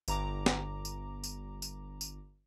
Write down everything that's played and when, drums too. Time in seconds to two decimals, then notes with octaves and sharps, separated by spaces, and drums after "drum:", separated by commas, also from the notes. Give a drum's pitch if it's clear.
0.08 G1 A#5 D6, drum: tambourine
0.46 drum: snare
0.85 drum: tambourine
1.24 drum: tambourine
1.62 drum: tambourine
2.01 drum: tambourine